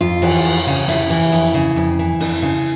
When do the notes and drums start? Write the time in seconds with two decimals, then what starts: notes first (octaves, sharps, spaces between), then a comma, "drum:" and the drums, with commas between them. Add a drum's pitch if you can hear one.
0.01 F2 F4
0.22 E3, drum: cymbal
0.45 F2
0.67 C#3
0.88 F2 E4, drum: snare
1.10 E3
1.32 F2
1.54 C#3
1.76 F2
1.99 E3
2.20 F2, drum: open hi-hat
2.42 C#3